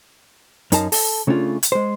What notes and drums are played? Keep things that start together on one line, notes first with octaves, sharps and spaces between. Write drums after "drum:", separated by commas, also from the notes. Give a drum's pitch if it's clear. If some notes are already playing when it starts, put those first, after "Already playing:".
F#2 D#4 A#4 F5 A5, drum: hi-hat
A4, drum: open hi-hat
C#3 A3 C#4 D4 F4
drum: hi-hat
G#3 C5